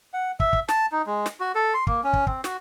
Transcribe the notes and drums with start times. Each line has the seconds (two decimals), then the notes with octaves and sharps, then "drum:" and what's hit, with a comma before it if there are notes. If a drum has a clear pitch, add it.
0.14 F#5
0.40 E5, drum: kick
0.53 drum: kick
0.69 A5, drum: snare
0.92 D#4
1.06 G#3
1.26 drum: snare
1.40 F#4
1.55 A4
1.74 C6
1.87 A#3, drum: kick
2.04 C#4
2.13 drum: kick
2.27 C4, drum: kick
2.44 F#4, drum: snare